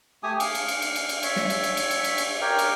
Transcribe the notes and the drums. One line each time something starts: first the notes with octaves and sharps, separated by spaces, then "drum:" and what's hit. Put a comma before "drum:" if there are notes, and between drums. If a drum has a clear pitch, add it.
A3 G4 G#5 D#6
F5, drum: cymbal
drum: cymbal
drum: cymbal
drum: cymbal
drum: cymbal
drum: cymbal
C#5 E5, drum: cymbal
drum: snare
drum: cymbal
drum: cymbal
drum: cymbal
drum: cymbal
drum: cymbal
drum: cymbal
G4 A#4 C#5 G5
drum: cymbal